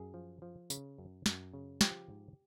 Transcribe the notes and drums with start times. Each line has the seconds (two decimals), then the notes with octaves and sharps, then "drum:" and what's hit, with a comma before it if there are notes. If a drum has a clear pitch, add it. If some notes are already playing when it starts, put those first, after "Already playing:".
Already playing: F#2 G#4
0.14 F3
0.42 F3
0.70 C#3, drum: tambourine
0.98 F#2
1.26 F#2, drum: snare
1.53 C#3
1.81 F3 G4, drum: snare
2.10 G#2